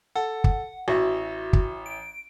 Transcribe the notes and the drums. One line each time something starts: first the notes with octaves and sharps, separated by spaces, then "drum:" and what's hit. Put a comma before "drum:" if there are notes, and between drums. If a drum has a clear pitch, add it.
A4 F#5
drum: kick
A1 E4 F#4
drum: kick
D7